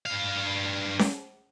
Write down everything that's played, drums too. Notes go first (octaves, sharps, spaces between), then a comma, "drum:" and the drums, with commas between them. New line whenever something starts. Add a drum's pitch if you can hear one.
G2 F5
drum: snare C#4